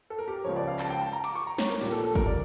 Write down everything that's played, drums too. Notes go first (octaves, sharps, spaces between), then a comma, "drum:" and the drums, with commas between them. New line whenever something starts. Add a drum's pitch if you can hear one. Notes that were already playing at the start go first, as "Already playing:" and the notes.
A4
A#4
G4
A#4
C#2 C#3 F3 C#5
D5
F5
A5, drum: clap
G5
A5
A#5
D6, drum: hi-hat
C#6
A#5
C#5, drum: snare
A#4
A#1 A#2 G3 G4, drum: open hi-hat
A4
A4
A#4, drum: kick
D5